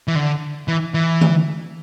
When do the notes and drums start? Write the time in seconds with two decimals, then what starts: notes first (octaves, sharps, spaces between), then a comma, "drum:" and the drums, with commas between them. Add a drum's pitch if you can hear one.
0.08 E3
0.15 D3
0.68 E3
0.94 E3
1.21 drum: tom D3